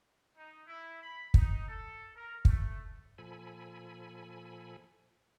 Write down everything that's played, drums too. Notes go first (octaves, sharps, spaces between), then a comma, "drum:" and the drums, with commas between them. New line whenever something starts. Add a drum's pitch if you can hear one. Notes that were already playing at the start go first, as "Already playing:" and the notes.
D#4
E4
B5
D#4, drum: kick
A4
A#4
A3, drum: kick
A#2 F3 A4 G#5 B5